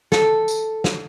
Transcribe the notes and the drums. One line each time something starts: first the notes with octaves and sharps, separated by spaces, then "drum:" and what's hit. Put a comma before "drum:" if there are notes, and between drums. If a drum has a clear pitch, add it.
A4, drum: snare
drum: tambourine
drum: snare